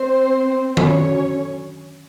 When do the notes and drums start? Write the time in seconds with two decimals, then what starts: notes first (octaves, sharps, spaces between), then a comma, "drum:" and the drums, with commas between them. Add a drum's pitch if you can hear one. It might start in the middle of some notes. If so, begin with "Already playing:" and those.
Already playing: C4 C5
0.77 F#2 D3 F#3 C#4 C#5, drum: tom D#3